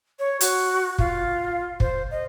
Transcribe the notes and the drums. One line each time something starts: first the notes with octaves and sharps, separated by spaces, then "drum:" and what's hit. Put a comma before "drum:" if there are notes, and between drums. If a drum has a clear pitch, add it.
C#5
F#4, drum: hi-hat
F4, drum: kick
C5, drum: kick
D#5